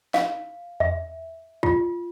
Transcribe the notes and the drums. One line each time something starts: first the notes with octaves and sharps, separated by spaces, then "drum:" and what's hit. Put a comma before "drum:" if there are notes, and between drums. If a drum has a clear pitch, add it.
F5, drum: snare
E5, drum: tom E2
F4, drum: kick